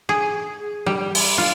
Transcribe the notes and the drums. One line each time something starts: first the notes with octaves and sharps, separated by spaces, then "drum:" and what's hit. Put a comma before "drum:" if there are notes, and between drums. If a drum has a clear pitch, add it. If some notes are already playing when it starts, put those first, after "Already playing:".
G#4
G3
drum: open hi-hat
F4